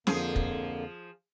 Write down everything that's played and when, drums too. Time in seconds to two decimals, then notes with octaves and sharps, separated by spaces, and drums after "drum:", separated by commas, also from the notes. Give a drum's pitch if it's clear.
0.07 F2 D3 F3 A#3 G#4, drum: snare
0.36 drum: kick